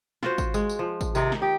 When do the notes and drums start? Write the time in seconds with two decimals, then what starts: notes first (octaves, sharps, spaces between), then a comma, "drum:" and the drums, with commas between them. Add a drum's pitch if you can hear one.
0.23 F4 F#4 C5, drum: snare
0.38 drum: kick, tambourine
0.54 G#3, drum: tambourine
0.69 drum: tambourine
0.79 F3
1.01 drum: kick, tambourine
1.15 C3 D#3 D#4, drum: tambourine
1.32 drum: snare
1.42 D#4 G4